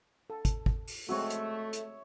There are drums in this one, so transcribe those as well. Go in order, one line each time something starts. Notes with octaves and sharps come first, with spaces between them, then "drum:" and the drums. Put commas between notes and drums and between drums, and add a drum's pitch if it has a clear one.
A4
drum: kick, hi-hat
drum: kick
drum: open hi-hat
G#3 A3 C4 F#4 C#5 E5
drum: hi-hat
drum: hi-hat